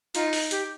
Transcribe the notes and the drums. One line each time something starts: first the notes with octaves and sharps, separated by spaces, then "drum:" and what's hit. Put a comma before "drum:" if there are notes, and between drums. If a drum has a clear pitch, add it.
D#4 F4, drum: hi-hat
drum: open hi-hat
G4, drum: hi-hat